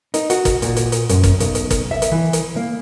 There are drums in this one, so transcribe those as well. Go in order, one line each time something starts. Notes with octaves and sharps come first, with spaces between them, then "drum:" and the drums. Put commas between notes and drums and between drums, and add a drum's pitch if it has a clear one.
D#4, drum: hi-hat
F#4, drum: hi-hat
drum: kick, hi-hat
A#2, drum: hi-hat
drum: hi-hat
drum: hi-hat
F#2, drum: hi-hat
drum: kick, hi-hat
B1, drum: hi-hat
drum: hi-hat
drum: kick, hi-hat
E5
drum: hi-hat
E3
drum: hi-hat
A#3